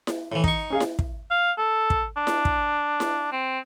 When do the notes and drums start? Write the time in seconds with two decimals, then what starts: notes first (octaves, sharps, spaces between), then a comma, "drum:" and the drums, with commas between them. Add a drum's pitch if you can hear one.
0.07 drum: snare E4
0.32 A2 E3
0.44 D#4 C#6, drum: kick
0.70 C#4 G#4 F5
0.80 drum: snare E4
0.99 drum: kick
1.30 F5
1.58 A4
1.90 drum: kick
2.17 D4
2.27 drum: snare E4
2.45 drum: kick
3.00 drum: snare E4
3.32 C4